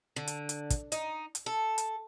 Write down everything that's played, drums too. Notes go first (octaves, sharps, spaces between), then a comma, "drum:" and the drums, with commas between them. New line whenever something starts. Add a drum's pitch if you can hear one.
D3
drum: hi-hat
drum: hi-hat
drum: kick, hi-hat
D#4, drum: hi-hat
drum: hi-hat
A4
drum: hi-hat